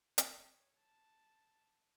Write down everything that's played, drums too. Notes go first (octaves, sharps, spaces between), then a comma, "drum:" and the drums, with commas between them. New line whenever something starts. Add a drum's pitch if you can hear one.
C#5, drum: hi-hat
A5